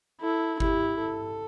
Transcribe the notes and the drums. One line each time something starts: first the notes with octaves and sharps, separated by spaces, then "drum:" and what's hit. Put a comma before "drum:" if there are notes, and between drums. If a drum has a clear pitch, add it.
E4 A4
E4 G4, drum: kick G1
A4